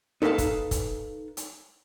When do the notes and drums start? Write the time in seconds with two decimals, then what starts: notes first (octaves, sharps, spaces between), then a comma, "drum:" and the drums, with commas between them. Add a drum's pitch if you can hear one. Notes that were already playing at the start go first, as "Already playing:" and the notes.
0.22 D#4 A4 B4 C#5 F5 A5
0.38 drum: kick, hi-hat
0.71 drum: kick, hi-hat
1.37 drum: hi-hat